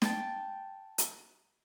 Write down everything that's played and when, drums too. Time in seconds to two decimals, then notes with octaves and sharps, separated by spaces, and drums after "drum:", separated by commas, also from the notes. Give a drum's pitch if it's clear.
0.02 G5 A5, drum: snare
0.98 drum: hi-hat